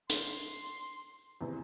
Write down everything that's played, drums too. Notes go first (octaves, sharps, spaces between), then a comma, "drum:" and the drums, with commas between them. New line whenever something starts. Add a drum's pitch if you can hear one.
C6, drum: hi-hat
E2 C3